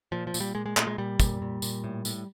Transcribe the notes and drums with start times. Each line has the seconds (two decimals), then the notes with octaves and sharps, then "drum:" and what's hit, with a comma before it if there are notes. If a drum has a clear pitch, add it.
0.12 A#2 F3
0.27 F3
0.34 A#2, drum: tambourine
0.40 G3
0.55 A#2 G#3
0.66 G#3
0.77 A#2 A3, drum: clap
0.87 G#3
0.98 A#2 G3
1.20 A#2, drum: kick, tambourine
1.42 A#2
1.62 A#2, drum: tambourine
1.84 A2
2.05 A2, drum: tambourine